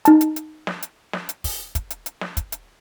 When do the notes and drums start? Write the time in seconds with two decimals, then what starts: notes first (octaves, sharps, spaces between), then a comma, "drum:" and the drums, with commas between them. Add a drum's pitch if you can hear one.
0.05 D#4 A5, drum: hi-hat
0.21 drum: hi-hat
0.36 drum: hi-hat
0.67 drum: snare
0.82 drum: hi-hat
1.13 drum: snare
1.29 drum: hi-hat
1.44 drum: kick, open hi-hat
1.75 drum: kick, hi-hat
1.90 drum: hi-hat
2.06 drum: hi-hat
2.21 drum: snare
2.37 drum: kick, hi-hat
2.52 drum: hi-hat